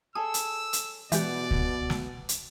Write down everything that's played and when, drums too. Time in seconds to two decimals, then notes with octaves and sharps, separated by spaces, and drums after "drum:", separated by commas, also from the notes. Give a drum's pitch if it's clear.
0.15 G#4 A4 C#5 D#6 E6
0.34 drum: hi-hat
0.73 drum: hi-hat
1.12 B2 E3 G#3 G4 B4 D5 F#5, drum: hi-hat
1.51 drum: kick C#2
1.90 drum: snare
2.29 drum: hi-hat